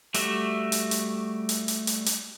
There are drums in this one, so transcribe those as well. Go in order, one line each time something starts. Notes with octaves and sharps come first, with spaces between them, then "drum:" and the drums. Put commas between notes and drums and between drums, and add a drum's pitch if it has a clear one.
G3 A3 F#4 E5, drum: hi-hat
drum: hi-hat
drum: hi-hat
drum: hi-hat
drum: hi-hat
drum: hi-hat
drum: hi-hat